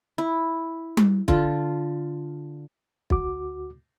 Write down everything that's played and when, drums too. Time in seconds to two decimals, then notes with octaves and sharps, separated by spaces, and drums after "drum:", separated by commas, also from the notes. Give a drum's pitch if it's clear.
0.18 E4
0.97 drum: tom G3
1.28 D3 F4, drum: kick
3.10 D2 F#4 D6, drum: kick